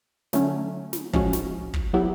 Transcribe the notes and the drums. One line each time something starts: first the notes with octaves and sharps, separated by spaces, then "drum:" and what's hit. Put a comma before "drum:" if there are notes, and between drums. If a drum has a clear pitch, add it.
D3 F#3 A3 C#4, drum: snare
drum: snare
A2 F3 G#3 C#4 F#4, drum: kick
drum: snare
drum: kick
F#3 B3 E4 G4